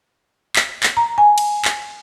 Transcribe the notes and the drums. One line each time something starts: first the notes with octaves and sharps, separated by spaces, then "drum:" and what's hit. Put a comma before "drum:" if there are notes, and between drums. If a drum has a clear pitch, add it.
drum: clap
drum: clap
A#5
G#5
drum: cymbal
drum: clap